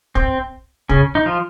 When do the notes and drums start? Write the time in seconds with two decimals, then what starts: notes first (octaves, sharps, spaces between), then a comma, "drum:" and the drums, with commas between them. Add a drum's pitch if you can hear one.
0.15 C4, drum: kick
0.89 C#3 C#4, drum: kick
1.15 D#4
1.26 F3 F4